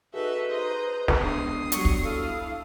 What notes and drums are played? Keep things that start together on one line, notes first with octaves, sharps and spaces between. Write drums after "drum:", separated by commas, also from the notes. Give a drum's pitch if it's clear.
D#4 F#4 G#4 A4 B4 E5
C5 D#5 A#5
drum: snare
G#3 B3 D4 D#6 C7
F#3 G3 C#6, drum: hi-hat
drum: kick
E4 A4 F5